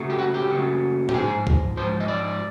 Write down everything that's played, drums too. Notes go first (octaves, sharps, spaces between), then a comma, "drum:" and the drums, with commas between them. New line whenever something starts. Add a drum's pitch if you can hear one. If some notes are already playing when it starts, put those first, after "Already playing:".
Already playing: F#2 C#3 F#3 A3
G4
F#4
G4
F#2 C#3 F#3 A3
G4, drum: tom A2
G#2 F3 G#3 G#4
drum: kick C2
G#2 F3 C5
D#5
D5